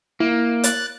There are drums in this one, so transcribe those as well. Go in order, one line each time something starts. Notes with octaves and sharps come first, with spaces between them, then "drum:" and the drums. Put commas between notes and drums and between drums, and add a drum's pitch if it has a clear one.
A#3 E4
F#6 A6, drum: hi-hat